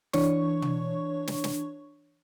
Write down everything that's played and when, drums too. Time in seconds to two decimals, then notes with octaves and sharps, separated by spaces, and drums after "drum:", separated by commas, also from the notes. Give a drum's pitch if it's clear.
0.13 E3 D4 C#5 C#6, drum: snare
0.62 drum: tom
1.27 drum: snare
1.44 drum: snare